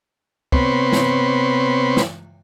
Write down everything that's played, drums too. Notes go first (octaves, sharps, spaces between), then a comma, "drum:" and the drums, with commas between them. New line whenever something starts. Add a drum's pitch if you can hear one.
C3 B3 C4 B4 C#5 C6, drum: kick
drum: snare
drum: snare